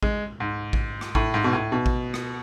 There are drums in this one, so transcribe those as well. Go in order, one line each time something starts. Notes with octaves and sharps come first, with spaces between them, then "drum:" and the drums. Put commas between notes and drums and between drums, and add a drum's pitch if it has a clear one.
G#3, drum: kick A1
G#2
drum: kick A1
drum: rim click
A2, drum: kick A1
G#2
B2
A2
B2
drum: kick A1
drum: rim click